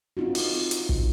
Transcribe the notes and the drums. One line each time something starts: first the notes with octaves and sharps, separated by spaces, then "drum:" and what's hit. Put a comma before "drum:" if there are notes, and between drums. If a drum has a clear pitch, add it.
C4 D4 D#4 F4 F#4
drum: open hi-hat
drum: hi-hat
drum: kick